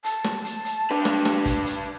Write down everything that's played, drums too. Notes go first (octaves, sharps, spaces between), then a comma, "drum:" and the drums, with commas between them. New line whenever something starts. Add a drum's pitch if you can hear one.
A5, drum: hi-hat
drum: snare
drum: hi-hat
drum: hi-hat
D4 B4
drum: snare
drum: snare
drum: kick, hi-hat
drum: hi-hat